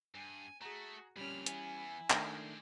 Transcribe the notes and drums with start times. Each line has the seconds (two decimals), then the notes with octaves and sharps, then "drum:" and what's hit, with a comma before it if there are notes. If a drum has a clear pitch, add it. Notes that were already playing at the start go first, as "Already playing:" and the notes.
0.15 G2 G#5
0.62 A3 F#4 G#4 A#5
1.16 F2 A#2 G3 C#4 B5 F6
1.46 E3 B3 E4 G#5, drum: hi-hat
2.10 D#3 G#3 A3 D4 G4, drum: clap